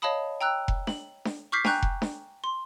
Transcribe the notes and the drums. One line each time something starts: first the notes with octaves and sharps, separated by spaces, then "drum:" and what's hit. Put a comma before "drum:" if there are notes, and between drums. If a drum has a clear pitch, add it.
C#5 D#5 F5 A5 B5 D#6
G5 A#5 E6 F#6
drum: kick F1
F#7, drum: snare D4
drum: snare D4
C#6 D6 F6 G6 B6 C7
G5 G#5 A#5 C#6 F#6 G6, drum: snare D4
drum: kick F1
drum: snare D4
C6